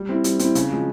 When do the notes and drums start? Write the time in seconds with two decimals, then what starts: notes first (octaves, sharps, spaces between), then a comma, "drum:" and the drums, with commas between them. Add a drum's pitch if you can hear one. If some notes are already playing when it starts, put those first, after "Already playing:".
Already playing: G3
0.09 C4 E4
0.24 G3, drum: hi-hat
0.39 C4 E4, drum: hi-hat
0.55 C#3, drum: hi-hat
0.70 F3 G#3